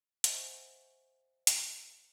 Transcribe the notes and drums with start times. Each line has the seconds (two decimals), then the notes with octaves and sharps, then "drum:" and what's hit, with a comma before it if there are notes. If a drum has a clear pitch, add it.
0.24 C5 D#5 E5 F#5 G#5 C#6, drum: hi-hat
1.47 drum: hi-hat